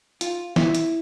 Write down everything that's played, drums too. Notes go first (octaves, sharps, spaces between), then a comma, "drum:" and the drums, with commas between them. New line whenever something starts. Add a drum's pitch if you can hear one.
F4, drum: hi-hat
E4, drum: snare
drum: hi-hat